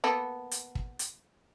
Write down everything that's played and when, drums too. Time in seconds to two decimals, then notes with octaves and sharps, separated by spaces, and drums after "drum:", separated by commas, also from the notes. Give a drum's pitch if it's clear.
0.04 A#3 B3 A4
0.51 drum: hi-hat
0.75 drum: kick
0.99 drum: hi-hat